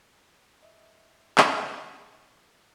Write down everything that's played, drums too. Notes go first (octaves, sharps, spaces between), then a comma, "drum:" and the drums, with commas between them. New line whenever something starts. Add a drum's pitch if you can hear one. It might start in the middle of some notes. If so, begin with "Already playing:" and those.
D#5 E5
drum: clap